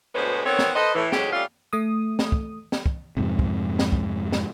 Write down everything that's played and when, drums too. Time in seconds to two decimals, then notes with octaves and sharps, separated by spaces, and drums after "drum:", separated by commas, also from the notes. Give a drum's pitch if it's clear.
0.15 D2 B2 G#3 B3 C5 C#5
0.45 D#3 B3 C4 A4 C#5
0.59 drum: snare
0.75 A4 B4 C5 D#5
0.95 A2 E3
1.12 D2 G#2 F#3 G4 G#4 C#5, drum: snare
1.32 G3 A3 C#4 F4 F5
1.73 A3 D#6
2.19 drum: snare
2.32 drum: kick
2.72 drum: snare
2.86 drum: kick
3.17 F2 G#2 C3
3.39 drum: kick
3.79 drum: snare
3.92 drum: kick
4.32 drum: snare